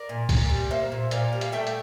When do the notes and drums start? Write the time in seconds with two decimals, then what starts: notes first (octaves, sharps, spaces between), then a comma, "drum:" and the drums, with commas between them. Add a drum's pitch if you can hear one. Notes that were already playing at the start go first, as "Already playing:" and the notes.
Already playing: A#4 D5
0.09 A#2
0.29 A#2, drum: kick C2, open hi-hat
0.50 G3
0.71 A#3 C5 E5
0.92 A#2
1.11 A#2 D5 F5, drum: hi-hat
1.33 G3
1.41 F5, drum: hi-hat
1.53 A3 E5 G5
1.67 drum: hi-hat